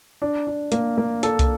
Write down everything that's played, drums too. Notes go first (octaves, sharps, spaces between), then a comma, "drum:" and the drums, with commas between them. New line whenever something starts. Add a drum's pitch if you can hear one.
D4
D4
A#3, drum: hi-hat
A#3
A4, drum: hi-hat
drum: kick, hi-hat